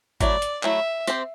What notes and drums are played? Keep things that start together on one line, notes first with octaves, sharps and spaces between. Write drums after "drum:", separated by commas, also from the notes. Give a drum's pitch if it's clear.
F#3 A3 E4 D5, drum: kick, hi-hat
drum: hi-hat
F#3 A3 E4 E5, drum: clap
C4 G4 C5, drum: hi-hat